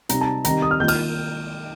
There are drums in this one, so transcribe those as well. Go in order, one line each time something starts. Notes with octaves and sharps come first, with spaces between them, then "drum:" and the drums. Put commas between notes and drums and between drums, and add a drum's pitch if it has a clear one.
C3 G3 C4 D#4 A#5, drum: hi-hat
A5
D#3 G3 C4 D#4 A#5, drum: hi-hat
D#6
F6
D#3 A#3 F4 G6
F6, drum: cymbal